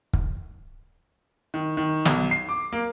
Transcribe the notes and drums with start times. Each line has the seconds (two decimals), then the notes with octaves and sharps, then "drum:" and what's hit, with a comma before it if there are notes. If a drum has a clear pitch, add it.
0.13 drum: kick
1.54 D#3
1.77 D#3
2.05 B1, drum: snare
2.31 C7
2.49 D6
2.73 A#3